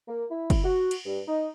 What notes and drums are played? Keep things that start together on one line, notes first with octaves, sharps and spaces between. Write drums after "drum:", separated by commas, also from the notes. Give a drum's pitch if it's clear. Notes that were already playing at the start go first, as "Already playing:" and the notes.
A#3
E4
drum: kick F#1, cymbal
F#4
drum: cymbal
G2
D#4